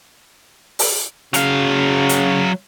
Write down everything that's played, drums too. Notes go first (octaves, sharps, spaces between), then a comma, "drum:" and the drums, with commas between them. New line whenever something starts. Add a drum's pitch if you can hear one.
drum: open hi-hat
C#3 F#3 F5, drum: hi-hat
drum: hi-hat